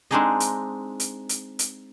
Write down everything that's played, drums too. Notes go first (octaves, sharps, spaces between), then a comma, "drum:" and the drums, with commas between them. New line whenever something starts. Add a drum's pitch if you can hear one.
G#3 C4 D4 D#4 G#4 D#5
drum: hi-hat
drum: hi-hat
drum: hi-hat
drum: hi-hat